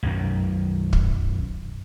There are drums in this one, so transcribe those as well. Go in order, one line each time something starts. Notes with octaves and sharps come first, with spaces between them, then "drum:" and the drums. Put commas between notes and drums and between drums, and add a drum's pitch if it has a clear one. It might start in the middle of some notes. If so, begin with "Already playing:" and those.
B1 F#2 D#3
drum: kick